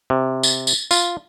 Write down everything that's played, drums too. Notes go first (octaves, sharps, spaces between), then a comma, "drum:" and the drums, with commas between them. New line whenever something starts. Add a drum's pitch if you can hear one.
C3
drum: tambourine
drum: tambourine
F4, drum: tambourine